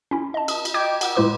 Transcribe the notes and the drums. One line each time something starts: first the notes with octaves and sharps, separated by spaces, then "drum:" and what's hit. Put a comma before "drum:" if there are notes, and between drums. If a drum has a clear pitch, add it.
C#4 E4
D#5 A5
D#6, drum: cymbal
drum: cymbal
D#5 G5 D6 G6 G#6 D7
F#5 D6 E6, drum: cymbal
A2 G#3 E4 B4 C6 D6